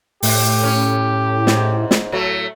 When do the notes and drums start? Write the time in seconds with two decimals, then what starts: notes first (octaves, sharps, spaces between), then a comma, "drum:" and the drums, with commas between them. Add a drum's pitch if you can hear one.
0.23 A2 G4, drum: open hi-hat
0.63 C#4
1.47 G#2, drum: snare
1.91 drum: snare
2.12 A2 F#3 A3